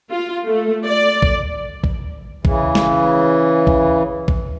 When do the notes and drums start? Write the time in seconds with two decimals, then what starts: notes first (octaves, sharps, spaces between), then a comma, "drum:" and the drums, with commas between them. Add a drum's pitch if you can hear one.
0.10 F4
0.46 A3
0.85 D5
1.22 drum: kick A1
1.84 drum: kick A1
2.45 C#3 E3, drum: kick A1
2.75 drum: snare
3.67 drum: kick A1
4.28 drum: kick A1